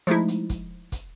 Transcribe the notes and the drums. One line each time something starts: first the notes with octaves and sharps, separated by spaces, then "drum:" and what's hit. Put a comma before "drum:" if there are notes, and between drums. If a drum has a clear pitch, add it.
F3 G#3 A3 D#4 E4, drum: hi-hat
drum: hi-hat
drum: kick, hi-hat
drum: kick, hi-hat